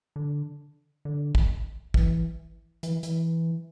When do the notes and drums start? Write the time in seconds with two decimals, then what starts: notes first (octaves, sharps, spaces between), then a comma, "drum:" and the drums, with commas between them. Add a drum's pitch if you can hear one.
0.16 D3
1.05 D3
1.35 drum: kick
1.94 E3, drum: kick
2.83 E3, drum: hi-hat
3.03 E3, drum: hi-hat